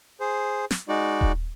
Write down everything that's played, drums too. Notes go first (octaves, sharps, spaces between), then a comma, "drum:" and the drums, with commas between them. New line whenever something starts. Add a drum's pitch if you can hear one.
G#4 C5
drum: snare
G#3 D#4 F#4 D5
drum: kick D#1